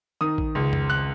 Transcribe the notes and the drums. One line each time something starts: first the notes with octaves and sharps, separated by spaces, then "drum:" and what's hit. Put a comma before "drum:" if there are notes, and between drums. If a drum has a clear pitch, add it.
D#3 D#6
drum: kick
C#2
drum: tom F2
F#6